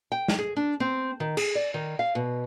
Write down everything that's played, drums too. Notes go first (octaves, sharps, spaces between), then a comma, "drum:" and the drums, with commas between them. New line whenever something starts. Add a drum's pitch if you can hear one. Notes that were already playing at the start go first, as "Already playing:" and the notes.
G5
drum: snare
G#4
D4
C4
D#3
G#4, drum: cymbal
D5
D#3
F5
B2